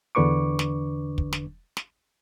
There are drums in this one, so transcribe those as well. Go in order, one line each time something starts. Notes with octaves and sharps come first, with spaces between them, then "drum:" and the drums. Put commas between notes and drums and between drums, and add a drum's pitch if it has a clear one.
E2 D3 D4 B4 C#6 D6
drum: snare
drum: kick
drum: snare
drum: snare